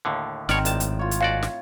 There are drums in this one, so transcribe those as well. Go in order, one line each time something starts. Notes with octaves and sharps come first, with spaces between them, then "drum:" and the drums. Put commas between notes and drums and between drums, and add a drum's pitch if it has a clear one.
D#2 A2 D3
G#1 B2 D#3 C4 C#5 D5 F6, drum: snare
A#1 A2 A5, drum: hi-hat
drum: hi-hat
F4 C#5
drum: hi-hat
D#2 F#4 D5 F5
drum: snare